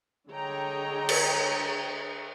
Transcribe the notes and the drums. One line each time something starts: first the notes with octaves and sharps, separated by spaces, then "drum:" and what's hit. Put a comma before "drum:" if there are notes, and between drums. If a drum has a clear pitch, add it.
D3 G#4 C#5 D#5 G5 A#5
drum: cymbal